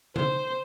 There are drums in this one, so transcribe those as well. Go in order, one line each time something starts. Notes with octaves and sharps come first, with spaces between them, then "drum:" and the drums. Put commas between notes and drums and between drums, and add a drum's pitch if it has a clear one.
C5, drum: tom C#3